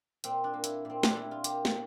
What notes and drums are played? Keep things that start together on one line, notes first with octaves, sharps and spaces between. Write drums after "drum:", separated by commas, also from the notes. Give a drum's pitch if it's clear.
A#2 C4, drum: hi-hat
D4
A#3
E4, drum: hi-hat
A#2 C4
D4, drum: snare
G3 E4
F4
A#3 G4, drum: hi-hat
drum: snare